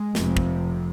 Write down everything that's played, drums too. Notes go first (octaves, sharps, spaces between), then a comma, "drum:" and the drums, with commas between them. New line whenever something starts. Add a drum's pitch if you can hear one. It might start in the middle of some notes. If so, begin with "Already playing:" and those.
Already playing: G#3
F1 F2 C3, drum: snare
drum: kick